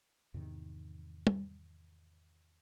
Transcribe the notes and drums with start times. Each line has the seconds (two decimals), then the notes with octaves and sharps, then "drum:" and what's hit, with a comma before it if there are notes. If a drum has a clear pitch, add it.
0.34 E2 G#2 C3 D#3
1.27 drum: tom